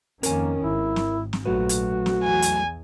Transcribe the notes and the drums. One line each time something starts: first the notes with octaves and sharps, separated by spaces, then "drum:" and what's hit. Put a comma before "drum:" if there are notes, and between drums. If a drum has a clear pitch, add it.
F2 D#3 A#3 C#4 A#4 G#5, drum: hi-hat
G#1 E4
drum: snare
drum: snare
A#1 F#3 A3 F#4 B4
drum: hi-hat
drum: snare
E2 G#5
drum: hi-hat